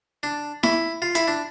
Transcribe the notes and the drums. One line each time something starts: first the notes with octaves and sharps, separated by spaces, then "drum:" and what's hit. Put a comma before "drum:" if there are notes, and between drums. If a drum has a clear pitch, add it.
D4
E4, drum: snare E4
F4
E4, drum: hi-hat
D4